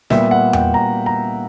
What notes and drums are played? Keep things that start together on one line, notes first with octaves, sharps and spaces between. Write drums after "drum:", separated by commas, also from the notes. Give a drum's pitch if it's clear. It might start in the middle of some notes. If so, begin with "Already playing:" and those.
A#2 G3 B3 E5, drum: snare
F#5
G5, drum: tom E2
A#5
A#5